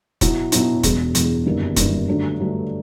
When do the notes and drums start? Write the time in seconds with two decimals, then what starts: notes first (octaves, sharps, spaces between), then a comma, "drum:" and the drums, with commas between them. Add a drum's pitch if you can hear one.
0.21 B2 F#3 B3 E4, drum: kick, hi-hat
0.52 B2 F#3 B3 E4, drum: hi-hat
0.83 E1 E2 B2 G#3 B3, drum: kick, hi-hat
1.15 E1 E2 B2 G#3 B3, drum: hi-hat
1.46 G1 F#2 D#3 G3 A#3
1.76 G1 F#2 D#3 G3 A#3, drum: kick, hi-hat
2.08 G2 D3 F#3 A3 D4
2.39 G2 D3 F#3 A3 D4